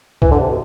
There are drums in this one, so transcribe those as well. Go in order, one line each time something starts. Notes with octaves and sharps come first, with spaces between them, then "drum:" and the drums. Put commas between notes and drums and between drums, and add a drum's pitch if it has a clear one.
E3, drum: kick B1
D3
C3
B2